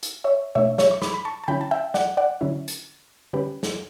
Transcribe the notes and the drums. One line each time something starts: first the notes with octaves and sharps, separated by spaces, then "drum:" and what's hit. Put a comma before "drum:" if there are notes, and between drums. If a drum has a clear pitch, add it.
drum: hi-hat
C#5 E5
B2 A3 D4 C#5 E5
C#5 E5, drum: snare
C#6
B5 D6, drum: snare
B5
A5 C#6
A5
D3 F#3 C#4 E4 G5 B5
A5
E5 G5
D5 F#5, drum: snare
D5 F#5
D3 F#3 C#4 E4
drum: hi-hat
D3 G3 C#4 G4 B4
drum: snare